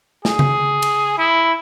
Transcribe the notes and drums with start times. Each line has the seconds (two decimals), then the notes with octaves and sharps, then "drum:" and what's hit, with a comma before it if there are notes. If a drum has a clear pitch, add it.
0.25 G#4, drum: snare
0.39 drum: tom C#3
0.82 drum: cymbal
1.18 E4